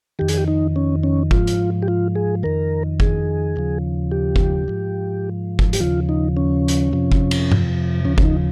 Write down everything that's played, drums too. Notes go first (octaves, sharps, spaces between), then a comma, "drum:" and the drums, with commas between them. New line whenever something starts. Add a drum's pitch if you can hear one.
F2 D#3 G4
G#4, drum: hi-hat
G4
D#4
C#4
C#4
G#2 F3 F4, drum: kick F#1
drum: hi-hat
G4
F4
G#4
F2 D#3 A#4
G#4, drum: kick F#1
D#2 C#3 F3
G4
drum: kick F#1
G#2 F3
drum: kick F#1
G4, drum: hi-hat
D#2 C#3 F3 F4
D#4
C#4
drum: hi-hat
F2 C3 F3
drum: kick F#1
drum: cymbal
drum: tom G2
D#2 C#3 F3 C#4
C#4, drum: kick F#1
D#4